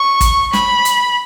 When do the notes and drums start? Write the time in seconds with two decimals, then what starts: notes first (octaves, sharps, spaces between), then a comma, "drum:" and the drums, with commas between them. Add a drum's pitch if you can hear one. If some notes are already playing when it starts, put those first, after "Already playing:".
Already playing: C#6
0.21 drum: kick, hi-hat
0.53 B5, drum: snare
0.85 drum: hi-hat